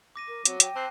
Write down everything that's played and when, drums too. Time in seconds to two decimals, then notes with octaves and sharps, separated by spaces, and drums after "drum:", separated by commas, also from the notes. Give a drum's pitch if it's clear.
0.16 D6 A#6 D#7
0.28 A#4 D6
0.45 F#3 C4, drum: hi-hat
0.60 G5, drum: hi-hat
0.76 C4 A5 F#6 C7